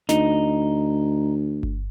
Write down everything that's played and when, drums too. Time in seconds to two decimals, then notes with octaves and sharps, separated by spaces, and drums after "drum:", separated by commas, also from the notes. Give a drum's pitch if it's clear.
0.09 D2 D#4, drum: snare
1.63 drum: kick G1